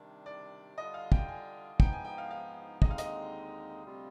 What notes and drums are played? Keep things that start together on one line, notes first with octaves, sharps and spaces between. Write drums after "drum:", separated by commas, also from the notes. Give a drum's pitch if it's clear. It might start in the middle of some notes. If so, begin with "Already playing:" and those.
Already playing: C3 D#3 G3 D4
D5
D3 G3 D4 F4 D#5
F5
G5, drum: kick
G#5
G#2 F3 B3 D#4 G5, drum: kick
G#5
G5
F5
F5
D#2 D3 G#3 C4 D#4 D#5, drum: kick
F5
D#5, drum: hi-hat
D2 C3 G3 C4 F4